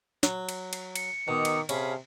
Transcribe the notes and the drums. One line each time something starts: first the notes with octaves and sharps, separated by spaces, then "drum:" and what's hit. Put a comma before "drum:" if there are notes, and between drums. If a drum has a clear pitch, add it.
F#3, drum: snare
drum: cymbal
drum: cymbal
C#7, drum: cymbal
B2 D#3 A#5 D6 D#6
drum: cymbal
C3 C#4 G#4 F5 A5 B5, drum: cymbal